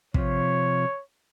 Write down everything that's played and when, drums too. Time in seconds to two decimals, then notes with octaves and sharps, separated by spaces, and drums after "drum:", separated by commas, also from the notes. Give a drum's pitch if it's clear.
0.14 C3 F3 C#5, drum: kick